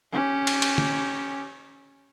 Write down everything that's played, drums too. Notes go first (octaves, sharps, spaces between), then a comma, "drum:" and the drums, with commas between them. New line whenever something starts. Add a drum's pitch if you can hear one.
C#4 G4
drum: cymbal
drum: cymbal
drum: tom